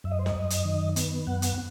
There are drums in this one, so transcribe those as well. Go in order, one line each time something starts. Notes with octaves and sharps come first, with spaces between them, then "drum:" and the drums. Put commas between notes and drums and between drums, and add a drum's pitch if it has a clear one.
F#2 E5
D#5
C5
D#5, drum: snare
F#2
drum: hi-hat
D#3
B3, drum: hi-hat
F#2 F#5
drum: hi-hat